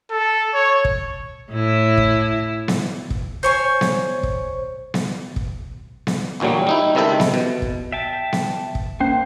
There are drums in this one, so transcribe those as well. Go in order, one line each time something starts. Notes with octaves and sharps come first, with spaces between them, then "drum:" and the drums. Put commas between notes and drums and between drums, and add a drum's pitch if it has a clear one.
A4
C#5
drum: kick
A2 E4
drum: kick
drum: snare B3
drum: kick
C5 C#5 G#5
drum: snare B3
drum: kick
drum: snare B3
drum: kick
drum: snare B3
A1 D2 A#2 F#3 G3
G3 D#4 E4
C#2 C3 D#3 E4 A4 E5
drum: snare B3
B2
drum: kick
E5 G5 A5
drum: snare B3
drum: kick
A#3 C#4 C5